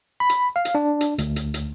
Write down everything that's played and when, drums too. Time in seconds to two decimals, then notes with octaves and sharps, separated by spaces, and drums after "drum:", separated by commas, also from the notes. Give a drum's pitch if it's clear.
0.20 B5
0.30 drum: hi-hat
0.56 F5
0.65 drum: hi-hat
0.75 D4
1.01 drum: hi-hat
1.18 D2, drum: hi-hat
1.36 drum: hi-hat
1.54 drum: hi-hat